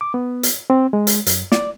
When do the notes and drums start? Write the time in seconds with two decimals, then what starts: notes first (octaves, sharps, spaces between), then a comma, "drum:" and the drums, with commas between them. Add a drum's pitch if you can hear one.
0.01 D6
0.14 B3
0.43 drum: hi-hat
0.70 C4
0.93 G#3
1.07 drum: hi-hat
1.26 F#2, drum: hi-hat
1.52 D5, drum: snare